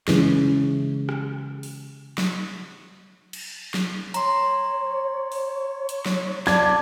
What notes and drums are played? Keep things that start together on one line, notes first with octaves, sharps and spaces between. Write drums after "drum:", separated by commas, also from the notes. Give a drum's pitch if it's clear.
C#3 E3 G#3, drum: snare
drum: rim click
drum: open hi-hat
drum: snare
drum: cymbal
drum: snare
C#5 A#5 C6, drum: hi-hat
drum: open hi-hat
drum: hi-hat
drum: snare
D5 A5 G#6, drum: snare